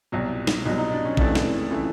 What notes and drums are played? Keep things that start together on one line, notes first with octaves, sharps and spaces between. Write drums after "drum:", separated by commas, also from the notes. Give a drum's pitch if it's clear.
C2 B2 F#3
drum: snare
C2 B2 F#3 D#4
D#4
D4
C#4
F2 C#3 E3 A3 D4, drum: kick
drum: snare
C#3 E3 A3